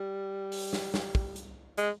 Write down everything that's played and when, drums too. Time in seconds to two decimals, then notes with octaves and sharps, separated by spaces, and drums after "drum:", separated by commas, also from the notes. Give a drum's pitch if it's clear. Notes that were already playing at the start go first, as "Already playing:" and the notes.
Already playing: G3
0.52 drum: open hi-hat
0.73 drum: snare
0.94 drum: snare
1.15 drum: kick
1.36 drum: hi-hat
1.77 G#3, drum: hi-hat